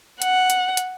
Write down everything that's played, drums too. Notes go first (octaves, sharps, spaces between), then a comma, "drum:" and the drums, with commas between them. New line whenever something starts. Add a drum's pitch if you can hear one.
F#5, drum: hi-hat
drum: hi-hat
drum: hi-hat